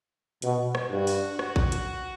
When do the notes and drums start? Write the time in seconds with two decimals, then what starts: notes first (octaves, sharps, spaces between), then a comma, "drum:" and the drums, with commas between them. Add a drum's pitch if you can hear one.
0.42 B2, drum: hi-hat
0.75 drum: rim click
0.91 G2 F#4
1.07 drum: open hi-hat
1.39 F#4, drum: rim click
1.56 drum: kick A1
1.72 drum: hi-hat